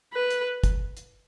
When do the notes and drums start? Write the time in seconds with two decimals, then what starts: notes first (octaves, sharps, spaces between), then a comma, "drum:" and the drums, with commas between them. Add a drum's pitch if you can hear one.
0.14 B4
0.30 drum: hi-hat
0.64 drum: kick, hi-hat
0.97 drum: hi-hat